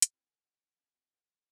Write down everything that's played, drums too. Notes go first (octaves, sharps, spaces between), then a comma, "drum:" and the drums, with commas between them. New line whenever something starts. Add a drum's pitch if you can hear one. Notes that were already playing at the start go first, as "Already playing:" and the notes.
drum: hi-hat
C4 E4 G4 C5 C#5 G#5
C#3 C#4 A#4 F#5
B1 G3 D#4 D#5 F#5
F3 G3 C#4 D4
D#2 C4 F#4
F#3 F4 A4 C5 F5 G5